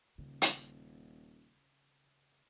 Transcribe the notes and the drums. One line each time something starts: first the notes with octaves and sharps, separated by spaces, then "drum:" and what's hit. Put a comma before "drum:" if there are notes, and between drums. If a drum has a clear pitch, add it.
D#1 C#3
drum: hi-hat